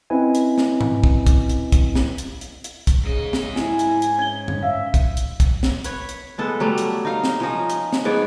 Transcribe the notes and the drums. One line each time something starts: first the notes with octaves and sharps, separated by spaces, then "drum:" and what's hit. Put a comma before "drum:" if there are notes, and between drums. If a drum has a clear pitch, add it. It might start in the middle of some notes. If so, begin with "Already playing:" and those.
C4 C#4 E4 B4 D#5 G#5
drum: hi-hat
drum: snare
drum: tom G#2
drum: kick
drum: kick, hi-hat
drum: hi-hat
drum: kick, hi-hat
drum: snare
drum: hi-hat
drum: hi-hat
drum: hi-hat
drum: kick, hi-hat
G#2 C#3 D#5
drum: snare
E4 G#5, drum: snare
drum: hi-hat
drum: hi-hat
C#4 G#6 G7
drum: tom F#2
E5 F5
drum: kick, hi-hat
drum: hi-hat
drum: kick, hi-hat
drum: snare
B4 C#5, drum: hi-hat
drum: hi-hat
G#3 B3 A4
F#3 G3 A3
drum: hi-hat
D#4 F5
drum: snare
F3 C#4 D#4
drum: hi-hat
drum: snare
G#2 B3 C#5 D5